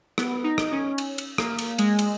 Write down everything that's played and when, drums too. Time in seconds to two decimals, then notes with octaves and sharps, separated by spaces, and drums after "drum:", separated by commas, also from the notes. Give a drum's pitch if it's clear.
0.18 B3, drum: rim click
0.44 D#4
0.58 drum: rim click
0.72 C#4
0.98 drum: cymbal
1.18 drum: cymbal
1.38 A#3, drum: rim click
1.58 drum: cymbal
1.78 G#3, drum: cymbal
1.99 drum: cymbal